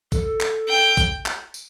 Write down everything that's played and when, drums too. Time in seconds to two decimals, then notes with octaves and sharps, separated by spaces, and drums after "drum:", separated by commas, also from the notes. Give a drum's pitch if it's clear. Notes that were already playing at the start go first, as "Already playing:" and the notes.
0.12 A4, drum: kick A1, tambourine
0.41 drum: clap
0.69 G5
0.97 drum: kick A1, tambourine
1.26 drum: clap
1.54 drum: tambourine